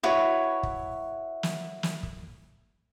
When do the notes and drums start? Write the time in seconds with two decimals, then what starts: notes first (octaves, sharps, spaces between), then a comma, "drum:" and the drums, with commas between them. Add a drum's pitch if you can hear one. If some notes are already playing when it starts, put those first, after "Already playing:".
0.03 E4 F#4 B4 C#5
0.63 drum: kick
1.43 drum: snare
1.83 drum: snare
2.03 drum: kick